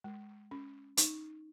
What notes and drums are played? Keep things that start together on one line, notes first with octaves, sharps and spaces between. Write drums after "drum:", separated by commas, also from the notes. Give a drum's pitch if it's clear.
G#3
C#4
D#4, drum: hi-hat